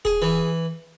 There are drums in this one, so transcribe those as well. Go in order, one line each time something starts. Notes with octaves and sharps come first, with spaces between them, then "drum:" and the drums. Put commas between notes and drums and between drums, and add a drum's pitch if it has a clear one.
G#4, drum: kick D#1
E3